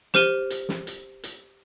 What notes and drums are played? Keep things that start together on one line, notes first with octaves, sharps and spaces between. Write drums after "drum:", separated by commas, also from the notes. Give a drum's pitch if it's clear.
G4 C5 F6 D#7 G7, drum: snare
drum: hi-hat
drum: snare
drum: hi-hat
drum: hi-hat